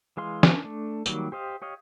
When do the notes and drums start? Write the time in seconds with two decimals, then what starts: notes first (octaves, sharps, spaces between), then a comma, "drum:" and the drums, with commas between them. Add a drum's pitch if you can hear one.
0.17 E3 G#3 F5 C6
0.43 C#4 D4 A#4, drum: snare
0.64 A3 D4
1.06 D#3 F#3 G3 A#3, drum: tambourine
1.32 G4 C5 D#5 F5
1.62 G4 C#5 D#5 F5